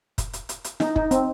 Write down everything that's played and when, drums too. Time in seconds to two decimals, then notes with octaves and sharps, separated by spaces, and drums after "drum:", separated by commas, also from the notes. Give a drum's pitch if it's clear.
0.18 drum: kick, hi-hat
0.33 drum: hi-hat
0.49 drum: hi-hat
0.64 drum: hi-hat
0.80 D#4, drum: snare
0.96 D#4, drum: kick
1.11 C4, drum: hi-hat